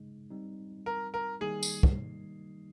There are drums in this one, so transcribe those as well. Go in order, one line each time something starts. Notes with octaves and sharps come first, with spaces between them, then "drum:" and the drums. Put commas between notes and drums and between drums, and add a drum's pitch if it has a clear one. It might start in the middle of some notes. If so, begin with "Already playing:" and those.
Already playing: C#3 G#3 D#4
G3 C4 D#4
A#4
A#4
D#3 G3 A#3 D#4 G#4
drum: tambourine
drum: kick